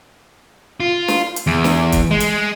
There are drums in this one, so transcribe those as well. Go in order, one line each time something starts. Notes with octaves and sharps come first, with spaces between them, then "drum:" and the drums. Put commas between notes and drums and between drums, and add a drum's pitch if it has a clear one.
F4
drum: snare
drum: hi-hat
E2
drum: snare
drum: kick C#1, hi-hat
G#3
drum: hi-hat